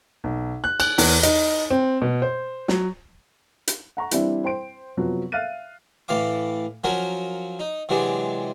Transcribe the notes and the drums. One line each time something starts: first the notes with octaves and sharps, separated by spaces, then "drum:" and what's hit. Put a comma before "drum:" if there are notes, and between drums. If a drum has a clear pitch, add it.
B1
F#6
F#6, drum: cymbal
E2, drum: open hi-hat
D#4, drum: hi-hat
C4
B2
C5
F#3, drum: snare
drum: hi-hat
F#5 A#5 C#6
E3 G3 C4 D4 E4, drum: hi-hat
C5 G5 C6 D7
C3 F3 F#3 B3
E5 F5 F6 F#6 A6 D#7
A2 E3 F5 D6
F3 F#3 C#4 F#4 A#4
D#4
C3 E3 F#3 G#3 D4